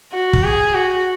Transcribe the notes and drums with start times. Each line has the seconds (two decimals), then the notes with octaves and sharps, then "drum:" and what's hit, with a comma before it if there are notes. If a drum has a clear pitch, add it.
0.13 F#4
0.33 drum: kick
0.44 G#4
0.74 F#4